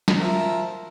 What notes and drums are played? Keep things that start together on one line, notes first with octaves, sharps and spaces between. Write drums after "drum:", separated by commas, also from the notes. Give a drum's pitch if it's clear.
drum: snare
F3 A#4 E5